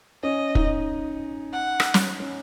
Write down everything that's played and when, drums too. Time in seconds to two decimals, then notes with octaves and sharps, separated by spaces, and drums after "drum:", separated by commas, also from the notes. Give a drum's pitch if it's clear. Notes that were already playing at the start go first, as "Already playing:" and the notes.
0.23 C#4 D#5
0.55 D#4, drum: kick
1.53 F#5
1.80 drum: rim click
1.94 drum: snare
2.20 C#4